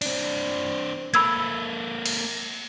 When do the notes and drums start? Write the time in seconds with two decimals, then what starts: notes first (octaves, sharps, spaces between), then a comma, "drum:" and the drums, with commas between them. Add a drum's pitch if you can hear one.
0.02 C4 D4, drum: cymbal
1.14 A#3 A4 B5 E6 G#6, drum: hi-hat
2.06 drum: cymbal